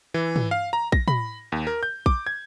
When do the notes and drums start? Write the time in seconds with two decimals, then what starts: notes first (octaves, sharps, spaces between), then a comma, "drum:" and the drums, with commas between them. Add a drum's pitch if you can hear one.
0.14 E3
0.36 drum: tom
0.51 F5
0.73 A#5
0.92 A#6, drum: kick A#1
1.08 B5, drum: tom
1.52 D#2
1.67 A#4
1.83 G6
2.06 D6, drum: kick A#1
2.27 G#6